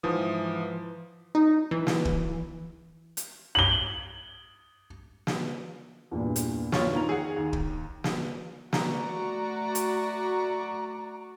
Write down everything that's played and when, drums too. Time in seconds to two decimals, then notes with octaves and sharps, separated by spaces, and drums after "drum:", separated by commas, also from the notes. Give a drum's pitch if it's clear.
0.03 G#2 E3 F3 D#6
1.35 D#4
1.71 E3
1.87 drum: snare
2.05 drum: kick
3.17 drum: hi-hat
3.55 F#7 G7
5.27 drum: snare
6.11 E2 G2 A#2
6.36 drum: hi-hat
6.72 F4 C#5, drum: snare
6.94 D#3 A#5 F7
7.09 G#4 F#5
7.36 D#2
7.53 drum: kick
8.04 drum: snare
8.73 A3 F#4 D5 A#5, drum: snare
9.75 drum: hi-hat